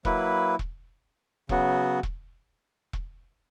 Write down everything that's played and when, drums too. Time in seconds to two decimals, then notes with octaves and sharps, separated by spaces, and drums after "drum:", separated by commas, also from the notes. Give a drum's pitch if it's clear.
0.05 F#3 A#3 E4 B4, drum: kick E1
0.59 drum: kick E1
1.49 C#3 F#3 B3 F#4, drum: kick E1
2.03 drum: kick E1
2.93 drum: kick E1